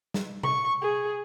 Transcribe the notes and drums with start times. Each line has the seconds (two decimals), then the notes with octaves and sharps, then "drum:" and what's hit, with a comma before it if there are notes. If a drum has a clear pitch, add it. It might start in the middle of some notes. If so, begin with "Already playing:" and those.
0.14 drum: snare
0.43 C#6, drum: tom C3
0.81 G#4